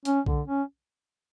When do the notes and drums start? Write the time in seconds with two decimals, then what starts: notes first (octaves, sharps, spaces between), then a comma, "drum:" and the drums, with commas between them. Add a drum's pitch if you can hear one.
0.05 C#4, drum: hi-hat
0.26 D3, drum: kick B1
0.47 C#4